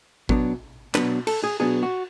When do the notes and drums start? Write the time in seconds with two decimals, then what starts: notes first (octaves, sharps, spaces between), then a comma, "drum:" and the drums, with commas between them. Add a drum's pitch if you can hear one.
0.29 B2 F#3 B3 D4, drum: kick G#1
0.95 B2 F#3 B3 D4 B4, drum: clap
1.27 A4, drum: cymbal
1.44 G#4
1.60 B2 F#3 B3 D4 G#4
1.83 F#4